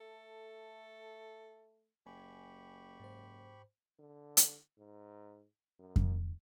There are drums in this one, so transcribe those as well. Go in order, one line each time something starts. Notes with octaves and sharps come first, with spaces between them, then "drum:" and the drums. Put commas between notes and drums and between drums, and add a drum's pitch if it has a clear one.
A3 A4
F#1 G4 G#5 B5 C#6
G#2 C5
D3
drum: hi-hat
G#2
F#2
drum: kick F2